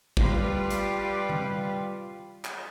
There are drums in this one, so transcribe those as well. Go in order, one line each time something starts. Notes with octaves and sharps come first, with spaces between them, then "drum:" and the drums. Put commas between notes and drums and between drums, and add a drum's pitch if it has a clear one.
G3 F4 G4 B4, drum: kick
drum: hi-hat
drum: tom D#3
drum: clap